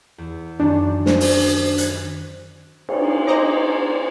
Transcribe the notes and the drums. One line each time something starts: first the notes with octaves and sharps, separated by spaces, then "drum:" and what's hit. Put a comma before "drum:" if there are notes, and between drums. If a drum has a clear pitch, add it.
E2
F#2 D#3 D4
C5, drum: snare
drum: open hi-hat
F#6 G#6, drum: hi-hat
drum: cymbal
C5 D#5 A#5 D6